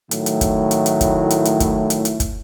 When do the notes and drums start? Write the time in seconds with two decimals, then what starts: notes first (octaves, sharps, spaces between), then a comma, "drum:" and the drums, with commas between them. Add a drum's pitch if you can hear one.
0.11 A2 D#3 F#3 A3 E4, drum: hi-hat
0.26 drum: hi-hat
0.41 drum: kick, hi-hat
0.71 drum: hi-hat
0.86 drum: hi-hat
1.01 drum: kick, hi-hat
1.30 drum: hi-hat
1.45 drum: hi-hat
1.60 drum: kick, hi-hat
1.90 drum: hi-hat
2.05 drum: hi-hat
2.20 drum: kick, hi-hat